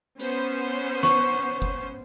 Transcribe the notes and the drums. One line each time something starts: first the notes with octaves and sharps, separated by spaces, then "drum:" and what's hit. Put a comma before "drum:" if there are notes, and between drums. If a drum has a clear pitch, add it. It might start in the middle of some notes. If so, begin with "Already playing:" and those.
B3 C#4 C5, drum: hi-hat
C#6, drum: snare
drum: kick F#1